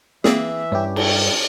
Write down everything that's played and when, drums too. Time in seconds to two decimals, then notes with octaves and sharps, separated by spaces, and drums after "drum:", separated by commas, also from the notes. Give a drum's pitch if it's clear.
0.24 E3 A#3 C4 G#4 E5, drum: snare
0.72 G2 C#4 E4 G4
0.96 G3, drum: cymbal